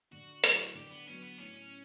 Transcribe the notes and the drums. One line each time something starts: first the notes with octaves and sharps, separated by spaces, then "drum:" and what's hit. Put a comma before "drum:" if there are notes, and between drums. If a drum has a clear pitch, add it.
D3 F#4
F#3 A3 E4, drum: hi-hat
D3 G4
B3
F#3 B3 C#4
B3
A2 C#4